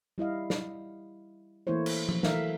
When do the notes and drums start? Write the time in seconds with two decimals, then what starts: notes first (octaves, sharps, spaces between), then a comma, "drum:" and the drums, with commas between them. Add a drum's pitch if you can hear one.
0.18 G3 E4 D#5 F5
0.50 drum: snare
1.67 E3 A3 A#3 E4 C5 C#5
1.86 drum: cymbal
2.09 drum: tom F3
2.23 E3 F#3 A3 A#4 E5 F5, drum: snare